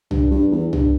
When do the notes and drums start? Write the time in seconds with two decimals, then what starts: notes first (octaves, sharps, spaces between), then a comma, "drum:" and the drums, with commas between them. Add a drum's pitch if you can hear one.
0.11 G2, drum: tom C2
0.31 G2
0.52 E2
0.73 G2, drum: tom C2